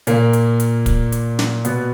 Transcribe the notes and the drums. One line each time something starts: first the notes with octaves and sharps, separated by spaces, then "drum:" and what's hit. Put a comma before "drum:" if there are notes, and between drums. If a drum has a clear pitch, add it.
A#2 A#3, drum: hi-hat
drum: hi-hat
drum: hi-hat
drum: kick, hi-hat
drum: hi-hat
drum: snare
B2 B3, drum: hi-hat